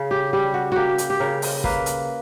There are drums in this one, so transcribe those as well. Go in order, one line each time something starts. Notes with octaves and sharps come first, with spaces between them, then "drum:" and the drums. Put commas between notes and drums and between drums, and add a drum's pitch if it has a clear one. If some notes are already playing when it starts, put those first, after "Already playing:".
Already playing: C#3
G4
G3 G4
F#4
A#3 F#4 G4
drum: hi-hat
G4
C#3 A#4
drum: open hi-hat
A#3 B4, drum: kick
drum: hi-hat